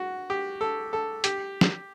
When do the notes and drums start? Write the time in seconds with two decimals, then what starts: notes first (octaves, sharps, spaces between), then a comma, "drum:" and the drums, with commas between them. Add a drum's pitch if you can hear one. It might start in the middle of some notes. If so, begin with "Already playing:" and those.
Already playing: F#4 F#5
0.30 G4
0.61 A4
0.93 A4
1.24 G4, drum: hi-hat
1.61 drum: snare